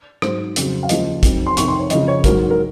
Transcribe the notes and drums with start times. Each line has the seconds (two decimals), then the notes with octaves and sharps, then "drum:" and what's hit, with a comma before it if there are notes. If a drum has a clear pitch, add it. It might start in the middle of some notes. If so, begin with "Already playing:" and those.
0.22 G#2 F#3 C5, drum: rim click
0.56 F2 C#3 F#3, drum: hi-hat
0.83 F5
0.89 D#2 C#3 F3 D#5, drum: hi-hat
1.23 F2 D#3 F#3, drum: kick, hi-hat
1.47 C6
1.57 F2 C3 D#3 C#6, drum: hi-hat
1.68 C6
1.80 C#5
1.90 F2 C#3 F3 D#5, drum: hi-hat
2.08 C#5
2.24 G#2 F#3 A#4, drum: kick, hi-hat
2.50 A#4